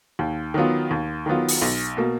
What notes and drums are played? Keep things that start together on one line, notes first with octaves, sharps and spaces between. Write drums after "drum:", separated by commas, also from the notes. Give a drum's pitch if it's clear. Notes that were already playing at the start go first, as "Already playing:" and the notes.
D#2
D#3 F#3 B3 F4
D#2
D#3 F#3 B3 F4
drum: open hi-hat
B1
B2 A#3